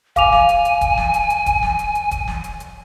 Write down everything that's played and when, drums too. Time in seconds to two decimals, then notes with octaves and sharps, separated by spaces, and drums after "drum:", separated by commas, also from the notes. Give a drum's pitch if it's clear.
0.16 F5 G#5 D6 F7, drum: kick, hi-hat
0.32 drum: snare
0.49 drum: hi-hat
0.65 drum: hi-hat
0.81 drum: kick, hi-hat
0.97 drum: snare
1.14 drum: hi-hat
1.30 drum: hi-hat
1.46 drum: kick, hi-hat
1.63 drum: snare
1.79 drum: hi-hat
1.95 drum: hi-hat
2.11 drum: kick, hi-hat
2.28 drum: snare
2.44 drum: hi-hat
2.60 drum: hi-hat